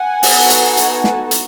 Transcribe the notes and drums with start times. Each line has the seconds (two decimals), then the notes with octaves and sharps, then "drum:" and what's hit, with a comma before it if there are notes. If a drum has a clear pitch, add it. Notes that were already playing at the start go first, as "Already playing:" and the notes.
Already playing: F#5 G#5
0.23 B3 D#4 F#4 A4, drum: open hi-hat
0.50 drum: hi-hat
0.77 drum: hi-hat
1.04 drum: snare
1.31 drum: hi-hat